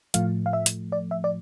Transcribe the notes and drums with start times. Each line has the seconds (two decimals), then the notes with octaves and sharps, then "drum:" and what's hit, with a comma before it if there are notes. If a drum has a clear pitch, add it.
0.14 A2 F3 A3 F5, drum: hi-hat
0.46 F5
0.53 E5
0.66 drum: hi-hat
0.92 D5
1.11 E5
1.24 D5